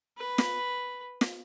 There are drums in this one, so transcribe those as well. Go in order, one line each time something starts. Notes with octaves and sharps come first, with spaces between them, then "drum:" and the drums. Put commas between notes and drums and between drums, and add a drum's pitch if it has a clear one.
B4 B5
drum: snare
drum: snare